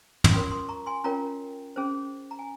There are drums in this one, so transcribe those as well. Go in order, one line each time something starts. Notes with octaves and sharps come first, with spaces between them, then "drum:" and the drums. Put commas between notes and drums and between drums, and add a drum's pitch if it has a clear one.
C#6, drum: tom
C#4 F4 A#4 C#5 C6 D#6
C6 D#6
A#5 C#6
G#5 C6
C#4 F4 A#4 C#5 G5 A#5
C#4 G#4 C5
A#5
G#5